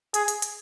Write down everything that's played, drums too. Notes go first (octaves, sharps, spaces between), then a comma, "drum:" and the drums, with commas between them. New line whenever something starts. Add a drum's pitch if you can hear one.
G#4, drum: hi-hat
drum: hi-hat
drum: hi-hat